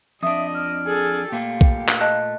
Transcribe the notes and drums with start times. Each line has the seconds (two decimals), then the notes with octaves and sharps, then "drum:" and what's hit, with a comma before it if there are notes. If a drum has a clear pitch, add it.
0.23 F2 D4 D#5 E5 D#6
0.54 F6
0.86 G#4 A4
1.32 A#2 A3 A#3 G4 F5
1.61 drum: kick B1
1.89 drum: clap
2.01 D#5 A5 F#6